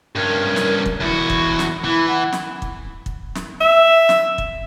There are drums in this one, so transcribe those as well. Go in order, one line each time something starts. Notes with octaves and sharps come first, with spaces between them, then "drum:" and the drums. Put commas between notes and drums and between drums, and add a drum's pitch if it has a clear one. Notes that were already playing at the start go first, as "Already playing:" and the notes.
G2 C#4 A#4
drum: snare
drum: kick
E2 E4 F#4
drum: kick
drum: snare
E3 E4
F#5
drum: snare
drum: kick
drum: kick
drum: snare
E5
drum: snare
drum: kick